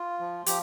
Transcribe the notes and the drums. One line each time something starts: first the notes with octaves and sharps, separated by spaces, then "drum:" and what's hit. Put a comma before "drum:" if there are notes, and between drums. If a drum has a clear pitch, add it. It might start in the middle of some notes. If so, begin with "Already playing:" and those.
Already playing: F4
F3
F3 G4, drum: hi-hat